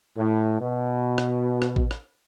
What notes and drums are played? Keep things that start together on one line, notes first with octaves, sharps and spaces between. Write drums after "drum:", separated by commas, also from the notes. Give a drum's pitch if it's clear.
A2
B2
drum: rim click
drum: rim click
drum: kick A1
drum: rim click